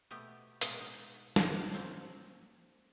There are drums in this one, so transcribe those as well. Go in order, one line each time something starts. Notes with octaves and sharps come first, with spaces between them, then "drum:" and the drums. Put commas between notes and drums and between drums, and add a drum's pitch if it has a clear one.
B2 A3 B3 G4
B2 G#3 A#4 F#5, drum: hi-hat
D#4
drum: snare
A#3 C4 C#4